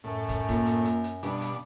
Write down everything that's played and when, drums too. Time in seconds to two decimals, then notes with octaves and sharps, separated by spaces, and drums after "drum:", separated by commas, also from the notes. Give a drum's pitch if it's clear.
0.04 F#2 A2
0.29 drum: kick, hi-hat
0.49 A#2, drum: kick, hi-hat
0.66 drum: hi-hat
0.85 drum: hi-hat
1.04 drum: hi-hat
1.23 G2 B2 D4, drum: hi-hat
1.42 drum: hi-hat